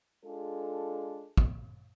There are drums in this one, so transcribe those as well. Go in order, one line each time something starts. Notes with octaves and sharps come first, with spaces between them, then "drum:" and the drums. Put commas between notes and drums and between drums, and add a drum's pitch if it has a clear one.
G#3 D4 F4 G#4 A4
drum: kick